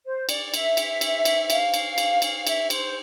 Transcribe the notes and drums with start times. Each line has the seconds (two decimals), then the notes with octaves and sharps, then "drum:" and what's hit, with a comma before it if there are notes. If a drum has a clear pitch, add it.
0.05 C5
0.29 D5, drum: cymbal
0.54 E5, drum: cymbal
0.77 drum: cymbal
1.01 drum: cymbal
1.25 drum: cymbal
1.50 F5, drum: cymbal
1.74 drum: cymbal
1.98 drum: cymbal
2.22 drum: cymbal
2.47 E5, drum: cymbal
2.70 C5, drum: cymbal